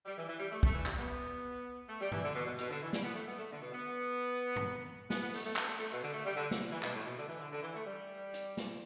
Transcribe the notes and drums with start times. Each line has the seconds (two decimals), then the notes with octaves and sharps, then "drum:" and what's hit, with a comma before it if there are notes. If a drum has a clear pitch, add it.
0.06 G3
0.18 E3
0.29 E3
0.40 G3
0.52 A3
0.63 A3, drum: kick
0.74 E3
0.86 G3, drum: clap
0.98 B3
1.89 A3
2.01 G3
2.12 E3, drum: tom G2
2.24 D3
2.35 B2
2.46 B2
2.58 B2, drum: hi-hat
2.70 D3
2.82 E3
2.93 G3, drum: snare
3.04 B3
3.15 A3
3.27 B3
3.38 A3
3.52 D3
3.61 B2
3.73 B3
4.56 drum: tom G2
5.10 B3, drum: snare
5.22 B3
5.33 A3, drum: open hi-hat
5.45 A3
5.56 B3, drum: clap
5.68 A3
5.79 A3
5.91 B2
6.03 D3
6.13 A3
6.26 G3
6.36 D3
6.51 drum: snare
6.71 E3
6.83 B2, drum: clap
6.94 A2
7.06 B2
7.17 D3
7.28 E3
7.40 D3
7.51 D3
7.63 E3
7.75 A3
7.86 G3
8.34 drum: hi-hat
8.57 drum: snare